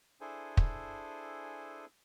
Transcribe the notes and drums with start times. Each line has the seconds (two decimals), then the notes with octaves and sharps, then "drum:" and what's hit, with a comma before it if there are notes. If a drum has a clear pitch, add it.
0.21 D4 E4 G#4 A4 C5 G#5
0.57 drum: kick